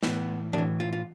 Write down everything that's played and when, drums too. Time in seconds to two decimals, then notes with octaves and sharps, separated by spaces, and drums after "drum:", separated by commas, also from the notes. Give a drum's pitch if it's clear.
0.03 A2 E3 B3, drum: snare
0.53 A2 E3 D4, drum: tom E3
0.80 F4
0.93 F4